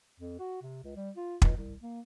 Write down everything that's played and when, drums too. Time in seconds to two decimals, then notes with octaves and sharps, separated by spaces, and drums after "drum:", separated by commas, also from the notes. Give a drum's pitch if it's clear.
0.20 F2
0.39 F#4
0.62 C3
0.84 C#2
0.96 G3
1.17 F4
1.42 C#2, drum: kick
1.57 C2
1.82 A#3